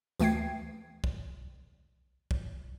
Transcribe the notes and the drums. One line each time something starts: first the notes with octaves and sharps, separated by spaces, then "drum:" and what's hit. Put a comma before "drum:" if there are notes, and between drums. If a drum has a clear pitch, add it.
D2 E3 A3 G5 G#6 C7, drum: tambourine
drum: kick B1
drum: kick B1